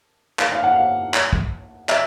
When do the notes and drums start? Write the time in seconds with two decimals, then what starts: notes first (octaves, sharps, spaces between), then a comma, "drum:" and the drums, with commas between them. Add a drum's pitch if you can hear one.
0.39 F5, drum: clap
0.52 F5
0.64 F#5
0.76 F5
1.14 drum: clap
1.33 drum: kick
1.89 E5, drum: clap